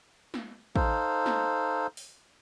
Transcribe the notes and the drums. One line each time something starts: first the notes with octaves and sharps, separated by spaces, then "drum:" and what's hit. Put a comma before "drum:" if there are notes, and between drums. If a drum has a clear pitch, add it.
drum: snare
D#4 A4 C5 F5, drum: kick
drum: snare
drum: open hi-hat